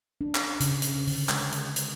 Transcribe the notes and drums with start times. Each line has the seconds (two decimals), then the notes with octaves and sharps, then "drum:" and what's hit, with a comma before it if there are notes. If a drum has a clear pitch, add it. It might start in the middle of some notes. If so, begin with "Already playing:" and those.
0.21 D4
0.35 drum: clap
0.60 C#3, drum: hi-hat
0.82 drum: hi-hat
1.07 D3, drum: open hi-hat
1.29 G#3, drum: clap
1.52 drum: hi-hat
1.76 drum: hi-hat